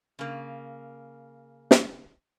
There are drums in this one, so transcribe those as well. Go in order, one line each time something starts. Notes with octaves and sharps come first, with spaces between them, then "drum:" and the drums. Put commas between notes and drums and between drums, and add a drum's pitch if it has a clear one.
C#3 A#3
drum: snare